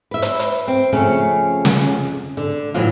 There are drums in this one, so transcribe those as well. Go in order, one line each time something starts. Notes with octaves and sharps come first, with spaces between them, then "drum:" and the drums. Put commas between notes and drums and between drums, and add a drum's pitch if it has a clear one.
B4 E5
drum: hi-hat
drum: hi-hat
C4
F2 C#3 A3 C#4
drum: snare
D3
A2 E3 F#3 F4